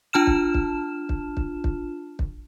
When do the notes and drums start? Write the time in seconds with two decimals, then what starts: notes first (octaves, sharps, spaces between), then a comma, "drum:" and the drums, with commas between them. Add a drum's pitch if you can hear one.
0.13 D4 F4 A5 F6 E7
0.27 drum: kick
0.54 drum: kick
1.09 drum: kick
1.37 drum: kick
1.64 drum: kick
2.19 drum: kick